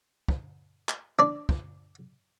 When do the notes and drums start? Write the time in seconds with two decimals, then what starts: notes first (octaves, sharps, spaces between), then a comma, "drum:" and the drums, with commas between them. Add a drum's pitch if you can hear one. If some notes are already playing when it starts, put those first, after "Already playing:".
0.28 drum: kick
0.89 drum: clap
1.19 D4 D5
1.49 drum: kick